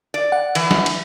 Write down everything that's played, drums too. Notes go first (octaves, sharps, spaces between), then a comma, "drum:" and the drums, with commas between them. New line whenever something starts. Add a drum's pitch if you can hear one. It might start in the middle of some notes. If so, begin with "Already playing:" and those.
D5
F#5
E3, drum: cymbal
drum: snare
drum: cymbal